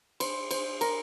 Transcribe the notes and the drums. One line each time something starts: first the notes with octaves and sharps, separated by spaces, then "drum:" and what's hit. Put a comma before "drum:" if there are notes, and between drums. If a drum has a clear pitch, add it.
C5, drum: cymbal
C5, drum: cymbal
A#4, drum: cymbal